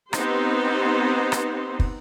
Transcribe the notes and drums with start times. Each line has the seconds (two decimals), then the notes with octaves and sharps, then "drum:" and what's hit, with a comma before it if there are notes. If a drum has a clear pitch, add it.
0.13 B3 C4 D#4 G4 C5, drum: rim click
1.32 drum: rim click
1.79 drum: kick